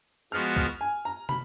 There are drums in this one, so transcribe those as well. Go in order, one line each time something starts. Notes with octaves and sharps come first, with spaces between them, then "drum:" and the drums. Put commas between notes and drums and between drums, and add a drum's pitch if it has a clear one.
F3 G#3 B3 F#4 F6
F6, drum: kick
G#5
A#5
B5, drum: tom